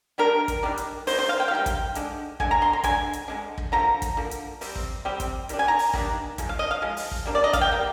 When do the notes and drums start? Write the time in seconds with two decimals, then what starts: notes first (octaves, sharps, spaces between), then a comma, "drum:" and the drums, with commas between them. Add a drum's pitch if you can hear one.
0.18 D#3 G3 D4 A#4
0.48 drum: kick, hi-hat
0.63 D#3 G3 D4
0.77 drum: hi-hat
1.07 G3 A#3 D#4 C5, drum: open hi-hat
1.19 C5
1.29 F5
1.40 G5
1.48 F5
1.51 G3 A#3 D#4 G5
1.66 drum: kick, hi-hat
1.95 D3 G#3 D4, drum: hi-hat
2.40 D3 G#3 D4 G#5, drum: kick
2.51 A#5
2.62 C6
2.73 A#5
2.83 D3 G#3 D4 G#5, drum: kick, hi-hat
3.13 drum: hi-hat
3.28 D3 G#3 D4
3.58 drum: kick
3.72 D3 F3 A#3 A#5
4.02 drum: kick, hi-hat
4.17 D3 F3 A#3
4.31 drum: hi-hat
4.61 C3 G3 C4, drum: open hi-hat
4.76 drum: kick
5.05 C3 G3 C4
5.20 drum: kick, hi-hat
5.49 D#3 G3 D4, drum: hi-hat
5.59 G#5
5.68 A#5
5.79 drum: open hi-hat
5.93 D#3 G3 A#3 D4, drum: kick
6.38 F3 G#3, drum: kick, hi-hat
6.49 F5
6.59 D#5
6.71 F5
6.82 F3 G#3
6.97 drum: open hi-hat
7.11 drum: kick
7.25 G3 A#3 D4
7.35 D5
7.44 D#5
7.53 F5, drum: kick, hi-hat
7.61 G5
7.72 G3 A#3